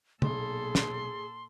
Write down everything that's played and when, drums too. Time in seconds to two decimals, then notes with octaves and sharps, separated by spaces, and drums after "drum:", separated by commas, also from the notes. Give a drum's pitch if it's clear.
0.22 B1 A#2 G#4 A4 C6, drum: tom
0.75 drum: snare